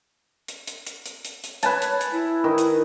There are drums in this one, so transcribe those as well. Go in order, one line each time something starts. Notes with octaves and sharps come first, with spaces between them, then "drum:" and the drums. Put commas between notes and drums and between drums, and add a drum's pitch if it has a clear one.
drum: hi-hat
drum: hi-hat
drum: hi-hat
drum: hi-hat
drum: hi-hat
drum: hi-hat
B4 C#5 G#5 A5, drum: hi-hat
drum: hi-hat
drum: hi-hat
E4
D#3
drum: hi-hat